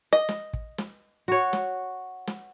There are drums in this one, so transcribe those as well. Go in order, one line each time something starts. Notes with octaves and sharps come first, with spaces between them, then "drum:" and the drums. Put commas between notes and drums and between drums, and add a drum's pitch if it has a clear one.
D#5
drum: snare
drum: kick
drum: snare
F#4 C#5
drum: snare
drum: snare